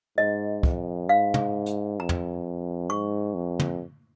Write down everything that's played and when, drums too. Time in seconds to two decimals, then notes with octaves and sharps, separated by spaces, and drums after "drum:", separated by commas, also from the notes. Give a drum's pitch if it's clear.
0.18 G#2 D#5
0.63 F2, drum: kick
1.08 G#2 F5
1.34 drum: tom
1.66 drum: hi-hat
1.99 F2 A#5
2.09 drum: tom
2.90 G#2 C#6
3.35 F2
3.60 drum: tom